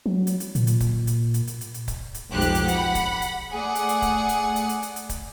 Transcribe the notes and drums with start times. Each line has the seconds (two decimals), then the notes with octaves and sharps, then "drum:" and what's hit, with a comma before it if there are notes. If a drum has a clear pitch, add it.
0.06 F#3
0.27 drum: hi-hat
0.40 drum: hi-hat
0.55 A#2, drum: hi-hat
0.67 drum: hi-hat
0.80 drum: kick C#1, hi-hat
1.07 drum: hi-hat
1.34 drum: hi-hat
1.47 drum: hi-hat
1.61 drum: hi-hat
1.74 drum: hi-hat
1.88 drum: kick C#1, hi-hat
2.14 drum: hi-hat
2.31 B1 F2 G#2 G4 F#6
2.41 drum: hi-hat
2.55 drum: hi-hat
2.68 F#5 B5, drum: hi-hat
2.95 drum: kick C#1, hi-hat
3.22 drum: hi-hat
3.53 A3 G#4 D5 F#5
3.75 drum: hi-hat
3.89 drum: hi-hat
4.02 drum: kick C#1, hi-hat
4.29 drum: hi-hat
4.56 drum: hi-hat
4.69 drum: hi-hat
4.83 drum: hi-hat
4.96 drum: hi-hat
5.09 drum: kick C#1, hi-hat